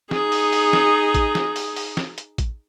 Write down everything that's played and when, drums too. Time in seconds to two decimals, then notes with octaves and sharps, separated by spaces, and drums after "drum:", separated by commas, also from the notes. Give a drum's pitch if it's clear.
0.11 D#4 G#4, drum: snare
0.32 drum: open hi-hat
0.53 drum: open hi-hat
0.73 drum: snare
1.14 drum: kick A1, hi-hat
1.35 drum: snare
1.56 drum: open hi-hat
1.76 drum: open hi-hat
1.97 drum: snare
2.18 drum: hi-hat
2.38 drum: kick A1, hi-hat